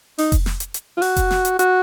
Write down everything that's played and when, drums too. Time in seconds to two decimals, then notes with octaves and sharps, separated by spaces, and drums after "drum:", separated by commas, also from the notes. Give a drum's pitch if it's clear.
0.18 D#4, drum: open hi-hat
0.32 drum: kick F1, hi-hat
0.46 drum: snare
0.60 drum: hi-hat
0.74 drum: hi-hat
0.97 F4
1.02 F#4, drum: open hi-hat
1.16 drum: kick F1, hi-hat
1.31 drum: snare
1.45 drum: hi-hat
1.59 F#4, drum: hi-hat